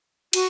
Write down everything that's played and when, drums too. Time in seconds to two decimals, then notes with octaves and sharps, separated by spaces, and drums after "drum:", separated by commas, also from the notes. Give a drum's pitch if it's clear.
0.33 F#4, drum: cymbal